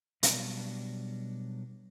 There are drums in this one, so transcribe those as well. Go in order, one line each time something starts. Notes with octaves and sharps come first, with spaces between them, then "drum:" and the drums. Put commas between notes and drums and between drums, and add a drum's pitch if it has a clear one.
B2 F#3 G3 B3 D4, drum: hi-hat